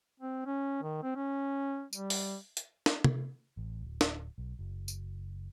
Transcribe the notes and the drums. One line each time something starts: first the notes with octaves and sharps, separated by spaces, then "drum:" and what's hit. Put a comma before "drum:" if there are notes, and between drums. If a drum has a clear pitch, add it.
C4
C#4
D#3
C4
C#4
G3, drum: tambourine
drum: open hi-hat
drum: hi-hat
drum: snare
drum: tom C3
A1
D1
drum: snare
B1
F#1
drum: tambourine